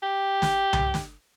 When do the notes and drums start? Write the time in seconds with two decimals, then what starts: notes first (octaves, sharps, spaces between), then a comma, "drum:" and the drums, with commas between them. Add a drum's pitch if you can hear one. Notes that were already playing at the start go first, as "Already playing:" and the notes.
0.02 G4
0.42 drum: snare
0.73 drum: tom C2
0.94 drum: snare